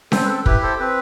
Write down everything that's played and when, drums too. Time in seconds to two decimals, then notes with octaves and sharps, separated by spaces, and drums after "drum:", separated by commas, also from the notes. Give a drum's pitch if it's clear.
0.12 C4 A4 C5, drum: snare C#4
0.25 B4
0.29 A4
0.46 E4 G4 B4, drum: kick
0.63 A4 C5
0.80 C4 B4